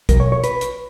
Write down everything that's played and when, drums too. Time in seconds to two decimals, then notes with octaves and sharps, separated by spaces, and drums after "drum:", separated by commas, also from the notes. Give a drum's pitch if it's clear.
0.09 B1 A#2 F#3 A#4, drum: kick, hi-hat
0.20 C#5
0.32 C#5
0.44 B4, drum: hi-hat
0.61 drum: hi-hat